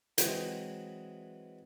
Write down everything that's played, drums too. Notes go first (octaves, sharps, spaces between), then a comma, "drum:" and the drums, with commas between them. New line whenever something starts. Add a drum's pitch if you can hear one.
E3 F#3 G#3 C4, drum: hi-hat